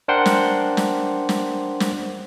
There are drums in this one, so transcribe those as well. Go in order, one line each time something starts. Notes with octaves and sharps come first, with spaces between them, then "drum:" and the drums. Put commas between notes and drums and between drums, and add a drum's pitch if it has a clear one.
D4 A#4 C5 F#5 G5 C6
drum: snare
drum: snare
drum: snare
drum: snare